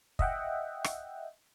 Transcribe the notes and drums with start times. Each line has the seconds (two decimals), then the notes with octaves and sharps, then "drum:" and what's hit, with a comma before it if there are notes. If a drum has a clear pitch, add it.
0.19 D#5 E5 F#5 G5, drum: kick
0.84 drum: rim click